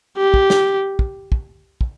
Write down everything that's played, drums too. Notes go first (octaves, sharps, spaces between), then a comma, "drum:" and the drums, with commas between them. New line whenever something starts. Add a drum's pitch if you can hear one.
G4
drum: kick
drum: snare
drum: kick
drum: kick
drum: kick